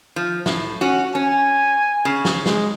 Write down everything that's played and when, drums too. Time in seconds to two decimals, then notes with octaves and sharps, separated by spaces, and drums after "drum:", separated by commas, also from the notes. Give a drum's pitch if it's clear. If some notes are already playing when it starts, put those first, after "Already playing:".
0.16 F3
0.46 A2, drum: snare
0.81 C#4 F#4
1.15 C#4 G#5
2.05 C#3
2.25 drum: snare
2.46 G#3, drum: snare